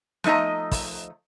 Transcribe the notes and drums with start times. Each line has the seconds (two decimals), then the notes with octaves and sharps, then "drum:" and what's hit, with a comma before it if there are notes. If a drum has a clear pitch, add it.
0.24 F3 A3 D#4 D#5 A#5, drum: snare
0.72 drum: kick, open hi-hat